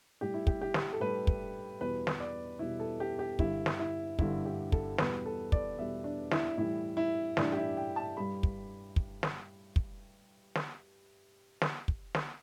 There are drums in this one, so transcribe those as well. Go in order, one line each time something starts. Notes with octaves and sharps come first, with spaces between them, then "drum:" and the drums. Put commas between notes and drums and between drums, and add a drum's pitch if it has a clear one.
A2 G3 G4
E4
G4, drum: kick
G4
drum: snare
A4
A2 G3 B4
drum: kick
E2 B2 G3 B4
drum: snare
D5
E2 B2 G3 E4
A4
G4
G4
G2 D3 G3 E4, drum: kick
drum: snare
E4
G2 D3 G3 E4, drum: kick
G4
A4, drum: kick
E2 B2 G3 B4, drum: snare
A4
D5, drum: kick
E2 B2 G3 E5
D4
E4, drum: snare
A2 E3 G3 E4
E4
A2 E3 G3 D4, drum: snare
G4
E4
G5
A5
G2 G3 B5
drum: kick
drum: kick
drum: snare
drum: kick
drum: snare
drum: snare
drum: kick
drum: snare